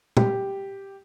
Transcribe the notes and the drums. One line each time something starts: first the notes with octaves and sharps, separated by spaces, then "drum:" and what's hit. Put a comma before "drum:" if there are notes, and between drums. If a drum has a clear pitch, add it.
G4, drum: tom